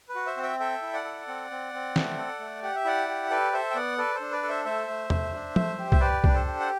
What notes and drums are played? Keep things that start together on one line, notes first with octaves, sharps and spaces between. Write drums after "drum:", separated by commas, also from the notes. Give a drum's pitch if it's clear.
B4
F#4
C5 E5
C4
E5 G5
A4 E5 G5
E4
D5 F#5
A4
C4
C4
C4
A3, drum: snare
A4
A3
G4 F#5
E5
E4 D5 F#5
G4
A4 B4 D5
A4 C5 E5
G5
B3 D5 F#5
A4 B4 D5
A4 C5
D4
B4 D5
A4
C5 E5
A3 C5 E5
A3
A3, drum: tom E2
D4
A3, drum: tom
G4
E5, drum: kick C2
G4 B4 D5
D4 B4, drum: kick C2
A4 C5
G4
F#5